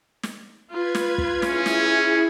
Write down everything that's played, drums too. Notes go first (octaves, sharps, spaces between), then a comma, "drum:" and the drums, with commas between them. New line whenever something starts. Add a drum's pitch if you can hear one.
drum: snare
F4 B4 G#6
drum: snare
drum: kick
C#4 E4 G#4, drum: snare
drum: snare